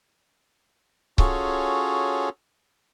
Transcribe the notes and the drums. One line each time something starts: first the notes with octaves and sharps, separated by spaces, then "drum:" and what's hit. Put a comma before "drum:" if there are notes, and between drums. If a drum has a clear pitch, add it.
C#4 F4 F#4 G#4 A4 C#5, drum: kick C#1